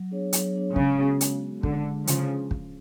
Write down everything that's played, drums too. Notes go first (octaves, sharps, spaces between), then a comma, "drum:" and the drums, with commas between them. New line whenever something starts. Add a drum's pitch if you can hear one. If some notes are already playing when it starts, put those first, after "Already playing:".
Already playing: F#3
B3 D4 G#4 C#5
F#3, drum: hi-hat
B3 D4 G#4 C#5
C#3 G#3, drum: kick
B3 F#4
G#3, drum: hi-hat
B3 F#4
D3 G#3, drum: kick
D4 G#4
C#3 F3 G#3, drum: hi-hat
D4 G#4
F4, drum: kick